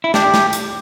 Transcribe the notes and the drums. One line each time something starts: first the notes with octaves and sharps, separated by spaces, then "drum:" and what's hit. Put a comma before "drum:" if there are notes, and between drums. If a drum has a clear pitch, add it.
E4
D4 G4, drum: snare
drum: snare
drum: hi-hat